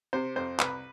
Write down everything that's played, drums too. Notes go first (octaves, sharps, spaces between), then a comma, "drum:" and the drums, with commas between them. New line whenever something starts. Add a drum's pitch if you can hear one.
C3 C5
F2 C5
C2 B4, drum: clap